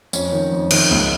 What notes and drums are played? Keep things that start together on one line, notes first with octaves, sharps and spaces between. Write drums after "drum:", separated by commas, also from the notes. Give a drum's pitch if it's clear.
F2 C#4, drum: tambourine
D#3
F2
D#3, drum: cymbal
C#2